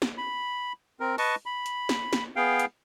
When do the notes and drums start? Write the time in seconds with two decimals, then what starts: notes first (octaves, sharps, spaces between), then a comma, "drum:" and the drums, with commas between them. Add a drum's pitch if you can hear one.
0.02 drum: snare
0.18 B5
1.00 C4 A#4
1.18 B4 D#5 A5 C#6, drum: open hi-hat
1.46 B5
1.66 drum: hi-hat
1.89 drum: snare
2.13 drum: snare
2.36 B3 G#4 F5 G5
2.59 drum: hi-hat